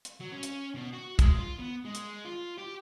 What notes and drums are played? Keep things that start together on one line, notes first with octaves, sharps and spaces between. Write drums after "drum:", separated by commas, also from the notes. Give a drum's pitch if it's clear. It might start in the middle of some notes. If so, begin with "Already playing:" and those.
drum: hi-hat
F#3
C#4
drum: hi-hat
B2
F#4
G#3, drum: kick, hi-hat
F4
B3
G#3
drum: hi-hat
F4
G4